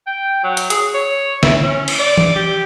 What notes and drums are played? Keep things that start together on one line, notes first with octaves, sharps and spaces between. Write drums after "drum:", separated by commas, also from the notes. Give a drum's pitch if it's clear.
G5
F#3
drum: hi-hat
G#4, drum: hi-hat
C#5
E4, drum: snare
C#4
drum: cymbal
D5
drum: tom E3
G4